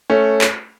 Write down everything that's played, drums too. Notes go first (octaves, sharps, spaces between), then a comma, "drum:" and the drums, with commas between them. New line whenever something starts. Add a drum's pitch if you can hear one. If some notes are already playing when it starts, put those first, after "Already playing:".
A3 C#4
drum: clap